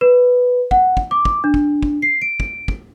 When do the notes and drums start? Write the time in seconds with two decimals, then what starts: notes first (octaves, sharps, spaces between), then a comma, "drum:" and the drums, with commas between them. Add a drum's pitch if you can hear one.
0.01 B4
0.71 F#5, drum: kick
0.97 drum: kick
1.11 D6
1.25 drum: kick
1.44 D4
1.54 drum: kick
1.83 drum: kick
2.02 C7
2.22 D7
2.40 drum: kick
2.68 drum: kick